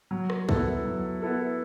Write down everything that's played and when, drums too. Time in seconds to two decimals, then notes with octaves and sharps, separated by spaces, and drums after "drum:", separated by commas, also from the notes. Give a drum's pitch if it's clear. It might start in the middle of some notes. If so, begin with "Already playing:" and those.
0.11 F#3
0.30 drum: rim click
0.49 B3 E4 A4, drum: kick
0.85 F#3
1.22 B3 E4 A4